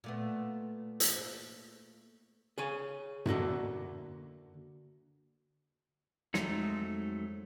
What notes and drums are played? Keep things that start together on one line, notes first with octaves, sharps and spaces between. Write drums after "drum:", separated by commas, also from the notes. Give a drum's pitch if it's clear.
A#2 A3 B3
drum: hi-hat
G#4 C#5 G#5
D3 A#3 F#4 A4, drum: tom F#2
F2 F#3 G#3 A3 D#4, drum: snare